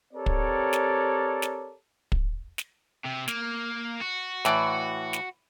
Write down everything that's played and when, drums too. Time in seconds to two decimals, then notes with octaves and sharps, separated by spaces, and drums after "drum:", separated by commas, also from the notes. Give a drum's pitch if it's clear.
0.14 C4 G4 A4 A#4 C#5 D5
0.26 drum: kick
0.73 drum: snare
1.42 drum: snare
2.12 drum: kick
2.58 drum: snare
3.04 C3
3.28 A#3, drum: snare
4.02 F#4
4.45 A2 E3 D5, drum: snare
5.13 drum: snare